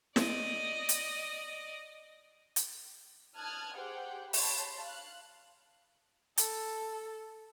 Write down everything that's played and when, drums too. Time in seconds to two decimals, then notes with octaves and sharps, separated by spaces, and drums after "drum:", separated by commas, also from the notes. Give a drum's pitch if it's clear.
0.16 D5 D#5, drum: snare
0.89 drum: hi-hat
2.56 drum: hi-hat
3.37 A5 D#6 F6 F#6 G#6
3.76 G4 G#4 C5 F#5 G5
4.33 C#5 A5 B5 C6, drum: open hi-hat
4.82 F5 F#6
6.38 A4, drum: hi-hat